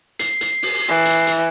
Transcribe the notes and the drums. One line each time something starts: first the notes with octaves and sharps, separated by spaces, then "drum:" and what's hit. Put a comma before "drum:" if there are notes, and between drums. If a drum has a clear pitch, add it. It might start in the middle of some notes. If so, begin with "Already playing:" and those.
C7, drum: hi-hat
drum: hi-hat
drum: open hi-hat
E3
drum: hi-hat
drum: hi-hat